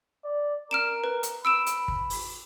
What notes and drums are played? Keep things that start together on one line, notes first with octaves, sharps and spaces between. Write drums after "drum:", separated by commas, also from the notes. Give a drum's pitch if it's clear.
D5
A#4 F6 D7 E7
B4
drum: hi-hat
B5 E6 D7 E7
drum: hi-hat
drum: kick
drum: open hi-hat